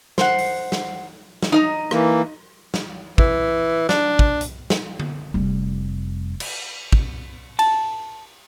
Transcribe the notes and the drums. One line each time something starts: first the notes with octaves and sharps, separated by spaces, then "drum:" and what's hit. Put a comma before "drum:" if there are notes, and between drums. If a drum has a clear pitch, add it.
C5 F#5, drum: snare
drum: open hi-hat
drum: snare
drum: snare
D#4 D#5 A#5
E3 A#3, drum: rim click
drum: snare
E3, drum: kick
D4, drum: snare
drum: kick
drum: hi-hat
drum: snare
drum: tom D3
F1 G3
drum: cymbal
drum: kick
A5, drum: cymbal